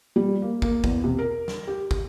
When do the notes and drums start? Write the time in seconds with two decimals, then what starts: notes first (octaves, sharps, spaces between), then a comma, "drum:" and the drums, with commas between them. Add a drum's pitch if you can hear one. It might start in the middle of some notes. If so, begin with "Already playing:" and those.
0.16 G3
0.42 A#3
0.62 A#3, drum: kick
0.84 E2, drum: kick
1.04 C3
1.19 A#4
1.48 drum: snare
1.68 G4
1.91 drum: kick